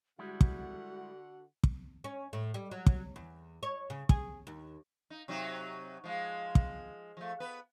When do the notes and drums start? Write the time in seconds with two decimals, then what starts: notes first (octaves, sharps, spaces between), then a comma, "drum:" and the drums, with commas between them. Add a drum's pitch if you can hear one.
0.19 D3 G3 G#3 E4 F#4 F#5
0.41 drum: kick
1.64 drum: kick
2.04 C#4
2.33 A2
2.54 G3
2.71 F#3
2.86 drum: kick
3.16 E2
3.63 C#5
3.90 C#3
4.09 G#4, drum: kick
4.47 D#2
5.10 D#4
5.28 C3 F#3 D#4
6.04 F3 G#3
6.55 drum: kick
7.17 F3 A3
7.40 B3 B4